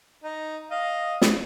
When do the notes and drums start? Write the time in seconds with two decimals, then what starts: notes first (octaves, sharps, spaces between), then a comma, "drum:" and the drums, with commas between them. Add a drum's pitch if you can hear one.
0.24 D#4
0.71 D#5 F5
1.22 drum: snare